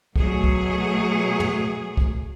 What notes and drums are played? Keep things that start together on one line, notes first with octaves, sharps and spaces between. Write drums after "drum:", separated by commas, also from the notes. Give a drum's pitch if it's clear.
B2 F#3 A3 G#4, drum: kick
drum: kick
drum: tom
drum: kick